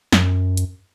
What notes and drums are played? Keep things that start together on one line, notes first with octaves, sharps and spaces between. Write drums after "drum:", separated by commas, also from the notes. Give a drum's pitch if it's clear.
F#2, drum: snare
drum: hi-hat